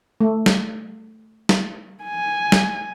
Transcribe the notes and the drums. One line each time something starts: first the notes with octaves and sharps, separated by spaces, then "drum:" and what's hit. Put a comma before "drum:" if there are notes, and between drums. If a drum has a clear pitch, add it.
A3
drum: snare
drum: snare
G#5
drum: snare